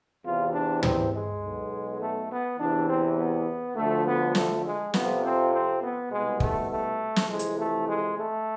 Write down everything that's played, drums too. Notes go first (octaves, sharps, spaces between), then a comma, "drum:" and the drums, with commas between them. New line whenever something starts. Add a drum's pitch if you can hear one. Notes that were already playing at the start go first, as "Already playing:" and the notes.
E2 C3 E3 F4
D4
C4, drum: tom
G#3
B1 B2
A3
B3
E2 C3 E3 D4
C4
B3
D2 D3 F3 A3
B3
A3, drum: snare
G#3
F2 C3 F3 B3, drum: snare
C4
C4
B3
C2 B2 G#3
A3, drum: kick
A3
drum: snare
F2 C3 E3 G#3
drum: hi-hat
A3
G#3
A3